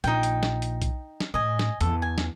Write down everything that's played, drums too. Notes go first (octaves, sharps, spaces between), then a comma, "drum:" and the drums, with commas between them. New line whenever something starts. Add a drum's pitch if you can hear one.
A#1 D#4 G5, drum: hi-hat
drum: hi-hat
drum: snare
drum: hi-hat
drum: kick B1, hi-hat
drum: snare
A2 D#5 G#5
drum: snare
E2 A4, drum: hi-hat
G#5
drum: snare